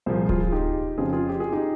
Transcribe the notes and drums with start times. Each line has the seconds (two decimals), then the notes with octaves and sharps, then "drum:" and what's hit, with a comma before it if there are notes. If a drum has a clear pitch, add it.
0.06 C2 A#2 F3 G#4 C5
0.29 F4 G#4, drum: kick D1
0.52 D#4 G4
0.98 F2 C#3 F3 F4 G#4
1.13 F4 G#4
1.29 G4
1.40 G#4
1.52 D#4 G4